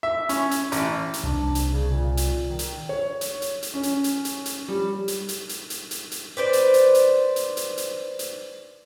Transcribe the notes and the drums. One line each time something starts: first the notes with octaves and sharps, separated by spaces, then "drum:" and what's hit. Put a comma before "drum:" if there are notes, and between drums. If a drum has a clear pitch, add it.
E5
C#4, drum: hi-hat
drum: hi-hat
A1, drum: hi-hat
drum: hi-hat
C2 D4
drum: hi-hat
C#3
A#2
drum: hi-hat
D#3
drum: hi-hat
C#5
drum: hi-hat
drum: hi-hat
drum: hi-hat
C#4
drum: hi-hat
drum: hi-hat
drum: hi-hat
drum: hi-hat
G3
drum: hi-hat
drum: hi-hat
drum: hi-hat
drum: hi-hat
drum: hi-hat
drum: hi-hat
B4 C5 D5
drum: hi-hat
drum: hi-hat
drum: hi-hat
drum: hi-hat
drum: hi-hat
drum: hi-hat
drum: hi-hat